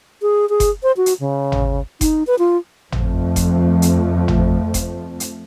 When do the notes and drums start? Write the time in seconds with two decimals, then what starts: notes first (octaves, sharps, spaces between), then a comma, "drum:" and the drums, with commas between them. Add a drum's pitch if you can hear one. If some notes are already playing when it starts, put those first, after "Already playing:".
0.22 G#4
0.50 G#4
0.60 drum: kick F#1, hi-hat
0.83 C5
0.97 F#4
1.06 drum: hi-hat
1.20 C#3
1.52 drum: tom G#1
2.01 D#4, drum: kick F#1, hi-hat
2.27 B4
2.39 F4
2.92 F2 F3 A3, drum: tom G#1
3.36 drum: kick F#1, hi-hat
3.82 drum: hi-hat
4.28 drum: tom G#1
4.74 drum: kick F#1, hi-hat
5.20 drum: hi-hat